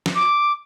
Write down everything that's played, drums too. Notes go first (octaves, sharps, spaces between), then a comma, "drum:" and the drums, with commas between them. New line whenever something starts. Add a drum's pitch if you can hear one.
drum: snare
D6